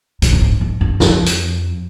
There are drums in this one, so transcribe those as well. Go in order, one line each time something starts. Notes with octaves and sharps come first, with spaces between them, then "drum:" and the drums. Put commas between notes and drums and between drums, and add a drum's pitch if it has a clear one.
A#2, drum: hi-hat
G2
G#2
G#2
G2
F2, drum: snare
drum: hi-hat